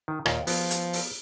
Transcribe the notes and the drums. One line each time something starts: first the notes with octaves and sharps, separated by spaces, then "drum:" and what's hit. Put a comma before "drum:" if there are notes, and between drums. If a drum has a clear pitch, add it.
D#3
D#2 A#2, drum: rim click
F3 B3, drum: open hi-hat
drum: hi-hat
drum: open hi-hat